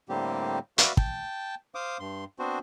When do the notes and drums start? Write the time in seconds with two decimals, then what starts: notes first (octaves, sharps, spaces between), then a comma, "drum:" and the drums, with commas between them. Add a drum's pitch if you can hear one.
0.09 A2 D3 G3 A#3 C4 G4
0.78 F#4 B4 D5 E5 F5, drum: hi-hat
0.97 G5 A5, drum: kick
1.75 C5 F5 D6 D#6
2.00 G2 C6
2.39 B3 C4 D4 F#4 C5